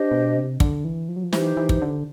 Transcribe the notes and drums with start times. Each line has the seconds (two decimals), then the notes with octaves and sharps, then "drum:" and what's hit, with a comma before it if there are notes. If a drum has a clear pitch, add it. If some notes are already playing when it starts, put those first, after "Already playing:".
Already playing: D4 G4 C5 D#5
0.12 B2
0.36 C3
0.60 D3, drum: kick
0.84 E3
1.09 F3
1.16 F#3
1.24 F3
1.33 E3 D#4 G4 C5, drum: snare
1.57 E3
1.69 drum: kick
1.82 D3